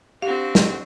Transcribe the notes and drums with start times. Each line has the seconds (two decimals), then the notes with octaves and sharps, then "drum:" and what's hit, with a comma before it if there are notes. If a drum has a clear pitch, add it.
0.22 C4 D4 F#4 G4 F5
0.55 drum: snare